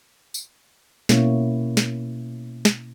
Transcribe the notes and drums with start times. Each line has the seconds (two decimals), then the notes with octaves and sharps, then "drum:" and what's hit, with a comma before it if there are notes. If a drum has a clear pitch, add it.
0.34 drum: tambourine
1.09 B2 A#3 C#4 E4 C#5, drum: snare
1.77 drum: snare
2.65 drum: snare